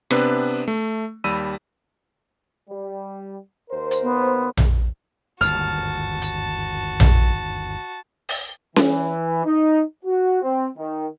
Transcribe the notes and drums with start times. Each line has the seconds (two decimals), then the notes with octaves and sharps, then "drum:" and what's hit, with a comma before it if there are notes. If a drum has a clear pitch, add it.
0.10 C3 B3 C4 D4 B4, drum: rim click
0.68 A3
1.24 D#2 G3 B5 E6 D#7
2.69 G3
3.70 D#2 A#4 C5
3.91 drum: hi-hat
4.02 B3
4.57 drum: tom A#1
5.41 G1 D#2 G#2 F#4 A5 F6, drum: hi-hat
6.22 drum: hi-hat
7.00 drum: tom A#1
8.29 drum: open hi-hat
8.76 E3, drum: snare C#4
9.45 D#4
10.06 F#4
10.43 C4
10.78 D#3